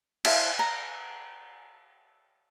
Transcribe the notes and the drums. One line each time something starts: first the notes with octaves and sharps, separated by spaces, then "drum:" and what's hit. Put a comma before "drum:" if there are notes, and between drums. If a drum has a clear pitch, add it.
E4 C5 F5, drum: cymbal
A#5